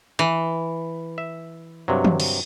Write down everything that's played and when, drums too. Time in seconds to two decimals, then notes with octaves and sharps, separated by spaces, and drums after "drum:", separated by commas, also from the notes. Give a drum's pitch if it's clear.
0.19 E3
1.18 E5
1.88 G2 C3 F#3
2.05 drum: tom
2.20 drum: cymbal